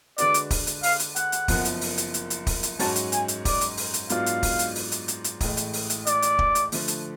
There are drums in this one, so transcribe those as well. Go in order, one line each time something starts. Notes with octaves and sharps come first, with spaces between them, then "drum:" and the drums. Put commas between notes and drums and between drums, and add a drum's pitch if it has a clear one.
D3 G#3 D4 F#4 B4 D5, drum: hi-hat
drum: hi-hat
drum: kick, open hi-hat
drum: hi-hat
F5, drum: open hi-hat
drum: hi-hat
F#5, drum: hi-hat
drum: hi-hat
F#1 F#2 F3 B3, drum: kick, open hi-hat
drum: hi-hat
drum: open hi-hat
drum: hi-hat
drum: hi-hat
drum: hi-hat
drum: kick, open hi-hat
drum: hi-hat
G#2 F#3 C#4 F#4 C#5 A5, drum: open hi-hat
drum: hi-hat
G#5, drum: hi-hat
drum: hi-hat
D5, drum: kick, open hi-hat
drum: hi-hat
drum: open hi-hat
drum: hi-hat
G#2 F#3 B3 D4 F4 F5, drum: hi-hat
drum: hi-hat
drum: kick, open hi-hat
drum: hi-hat
drum: open hi-hat
drum: hi-hat
drum: hi-hat
drum: hi-hat
A1 A2 G#3, drum: kick, open hi-hat
drum: hi-hat
drum: open hi-hat
drum: hi-hat
D5, drum: hi-hat
drum: hi-hat
drum: kick
drum: hi-hat
D3 F3 A3, drum: open hi-hat
drum: hi-hat